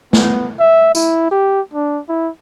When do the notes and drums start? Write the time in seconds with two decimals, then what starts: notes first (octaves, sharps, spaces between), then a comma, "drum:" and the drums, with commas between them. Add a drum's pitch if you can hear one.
0.13 B3, drum: snare
0.60 E5
0.95 E4, drum: tambourine
1.31 G4
1.74 D4
2.09 E4